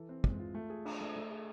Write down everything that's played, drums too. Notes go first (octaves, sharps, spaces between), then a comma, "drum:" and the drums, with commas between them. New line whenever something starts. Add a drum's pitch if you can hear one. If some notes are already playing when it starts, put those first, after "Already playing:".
Already playing: E3 A4
C4
G#3, drum: kick
F4
A3
G#4
D4, drum: cymbal
A3
A3
G#4